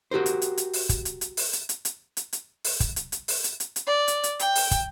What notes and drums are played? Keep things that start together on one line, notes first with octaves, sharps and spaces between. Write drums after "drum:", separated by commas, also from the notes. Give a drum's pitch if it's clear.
F#4 G4 A#4 C5
drum: hi-hat
drum: hi-hat
drum: hi-hat
drum: open hi-hat
drum: kick, hi-hat
drum: hi-hat
drum: hi-hat
drum: open hi-hat
drum: hi-hat
drum: hi-hat
drum: hi-hat
drum: hi-hat
drum: hi-hat
drum: open hi-hat
drum: kick, hi-hat
drum: hi-hat
drum: hi-hat
drum: open hi-hat
drum: hi-hat
drum: hi-hat
drum: hi-hat
D5
drum: hi-hat
drum: hi-hat
G5, drum: hi-hat
drum: open hi-hat
drum: kick, hi-hat